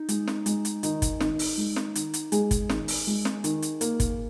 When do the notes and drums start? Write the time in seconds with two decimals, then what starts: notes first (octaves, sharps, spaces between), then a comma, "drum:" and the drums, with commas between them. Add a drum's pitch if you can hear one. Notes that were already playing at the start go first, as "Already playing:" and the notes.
Already playing: D#4
0.09 G#3, drum: hi-hat
0.27 drum: snare
0.46 G#3, drum: hi-hat
0.65 drum: hi-hat
0.83 D#3 D#4, drum: hi-hat
1.02 drum: kick G1, hi-hat
1.20 D#3, drum: snare
1.39 drum: open hi-hat
1.57 G#3
1.76 drum: snare
1.95 D#3, drum: hi-hat
2.14 drum: hi-hat
2.32 G#3 G#4, drum: hi-hat
2.51 drum: kick G1, hi-hat
2.69 D#3, drum: snare
2.88 drum: open hi-hat
3.07 G#3
3.25 drum: snare
3.44 D#3, drum: hi-hat
3.62 drum: hi-hat
3.81 A#3, drum: hi-hat
4.00 drum: kick G1, hi-hat